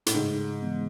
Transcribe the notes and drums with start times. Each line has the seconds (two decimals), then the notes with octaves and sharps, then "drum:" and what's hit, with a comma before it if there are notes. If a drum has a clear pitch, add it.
0.06 A2, drum: hi-hat
0.15 G#2 C#3
0.62 E3 G#3 B3